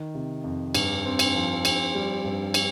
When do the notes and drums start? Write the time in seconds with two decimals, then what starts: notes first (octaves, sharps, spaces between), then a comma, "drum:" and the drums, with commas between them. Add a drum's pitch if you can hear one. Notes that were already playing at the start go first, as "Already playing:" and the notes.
Already playing: D#3
0.15 C3
0.44 F2
0.75 G2, drum: cymbal
1.05 C4
1.19 drum: cymbal
1.35 F3
1.65 C4, drum: cymbal
1.94 G3
2.25 G2
2.54 drum: cymbal